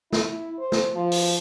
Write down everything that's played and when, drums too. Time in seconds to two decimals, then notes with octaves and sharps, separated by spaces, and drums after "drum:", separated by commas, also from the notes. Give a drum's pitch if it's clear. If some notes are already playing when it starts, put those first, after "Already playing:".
0.13 E4, drum: snare
0.59 C5
0.72 drum: snare
0.95 F3
1.12 drum: open hi-hat